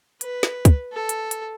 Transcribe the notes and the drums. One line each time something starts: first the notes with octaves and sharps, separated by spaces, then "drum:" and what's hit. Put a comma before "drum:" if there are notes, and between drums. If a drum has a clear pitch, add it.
B4, drum: hi-hat
drum: snare
drum: kick, hi-hat
A4
drum: hi-hat
drum: hi-hat